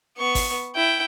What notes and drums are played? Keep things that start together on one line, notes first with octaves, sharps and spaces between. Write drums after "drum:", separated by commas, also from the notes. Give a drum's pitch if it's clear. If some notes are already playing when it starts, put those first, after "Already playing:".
B3 C#6
drum: kick G#1, open hi-hat
E4 G5